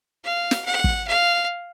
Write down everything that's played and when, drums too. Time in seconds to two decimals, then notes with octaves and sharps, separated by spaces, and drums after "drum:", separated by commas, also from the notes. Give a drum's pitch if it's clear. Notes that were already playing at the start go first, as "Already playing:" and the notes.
0.24 F5
0.51 drum: snare
0.66 F#5
0.84 drum: kick
1.08 F5